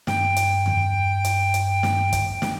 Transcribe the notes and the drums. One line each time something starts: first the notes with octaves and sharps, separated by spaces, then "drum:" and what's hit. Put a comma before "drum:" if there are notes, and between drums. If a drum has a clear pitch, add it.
G2 G5, drum: snare
drum: hi-hat
drum: tom E2
drum: hi-hat
drum: hi-hat
drum: snare
drum: kick, hi-hat
drum: snare